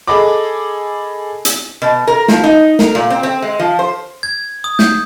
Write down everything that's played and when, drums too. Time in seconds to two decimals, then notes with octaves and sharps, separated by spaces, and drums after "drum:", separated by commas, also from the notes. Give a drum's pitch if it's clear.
0.07 G#4 A4 D#5 B5 D6
1.45 drum: hi-hat
1.82 B2
2.07 A#4
2.28 F3, drum: snare
2.44 D#4
2.79 A#4, drum: snare
2.95 A#2
3.10 C4
3.23 C4
3.42 G#3
3.60 F3
3.79 C5
4.23 G#6
4.64 D#6
4.79 G6, drum: snare